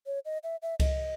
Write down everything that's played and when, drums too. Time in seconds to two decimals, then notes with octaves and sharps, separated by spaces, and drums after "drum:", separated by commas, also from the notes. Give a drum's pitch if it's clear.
0.06 C#5
0.25 D#5
0.43 E5
0.62 E5
0.80 D#5, drum: kick C#2, cymbal